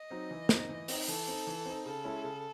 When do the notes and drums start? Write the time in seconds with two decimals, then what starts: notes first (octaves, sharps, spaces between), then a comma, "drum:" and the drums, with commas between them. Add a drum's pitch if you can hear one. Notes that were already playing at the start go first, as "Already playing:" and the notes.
Already playing: D#5
0.10 F#3 C4 D#4
0.31 E3
0.49 C4 D#4, drum: snare
0.69 E3
0.88 C4 D#4, drum: open hi-hat
1.07 E3 A4
1.27 C4 D#4
1.47 E3
1.65 C4 D#4
1.85 C#3 A4
2.04 G#3 C#4 E4
2.24 C#3